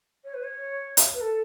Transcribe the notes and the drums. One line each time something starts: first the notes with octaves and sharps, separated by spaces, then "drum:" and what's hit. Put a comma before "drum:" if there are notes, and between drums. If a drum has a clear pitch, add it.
C#5
B4
C#5
drum: hi-hat
B4
A4